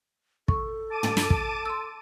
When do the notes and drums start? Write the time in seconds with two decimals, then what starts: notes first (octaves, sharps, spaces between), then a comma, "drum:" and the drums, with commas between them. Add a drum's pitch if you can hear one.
0.48 A4 C#6, drum: kick
0.90 A5 D6 D#7
1.03 drum: tom
1.17 drum: snare
1.30 drum: kick
1.65 C6 E6